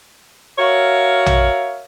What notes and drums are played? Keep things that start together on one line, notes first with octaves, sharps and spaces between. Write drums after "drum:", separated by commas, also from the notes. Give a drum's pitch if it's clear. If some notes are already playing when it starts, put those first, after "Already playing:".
F#4 A#4 C#5 E5 F5
drum: tom A#1